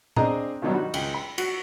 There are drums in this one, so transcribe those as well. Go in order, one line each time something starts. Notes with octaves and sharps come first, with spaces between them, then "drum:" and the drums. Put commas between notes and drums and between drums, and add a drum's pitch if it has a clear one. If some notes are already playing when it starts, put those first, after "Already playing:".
C4 D4 G#4 D#5 A#5, drum: tom A#2
G2 B2 D#3 F#3 G3
D#4 F#4 B5
C#2 G5, drum: cymbal
B5
F#4, drum: cymbal